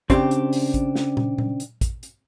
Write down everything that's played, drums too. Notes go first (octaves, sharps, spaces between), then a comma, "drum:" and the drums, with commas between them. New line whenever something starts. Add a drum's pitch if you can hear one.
C#3 C4 D4 G4, drum: kick, hi-hat
drum: hi-hat
drum: open hi-hat
drum: kick, hi-hat
drum: snare
drum: tom
drum: tom A#2
drum: hi-hat
drum: kick, hi-hat
drum: hi-hat